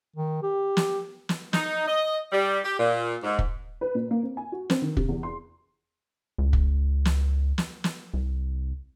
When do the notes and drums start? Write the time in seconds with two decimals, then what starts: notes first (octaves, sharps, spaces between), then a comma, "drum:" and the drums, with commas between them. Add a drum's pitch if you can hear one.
0.16 D#3
0.43 G4
0.77 drum: snare
1.29 drum: snare
1.53 D#4, drum: snare
1.87 D#5
2.32 G3
2.64 G4
2.79 A#2
3.23 G#2
3.39 drum: kick
3.81 B4
3.95 A#2
4.11 A#3
4.23 C4
4.37 G#5
4.52 F#4
4.70 C4, drum: snare
4.82 D#3
4.97 C3, drum: kick
5.09 E2
5.23 C6
6.38 C#2
6.53 drum: kick
7.05 drum: snare
7.58 drum: snare
7.84 drum: snare
8.14 C2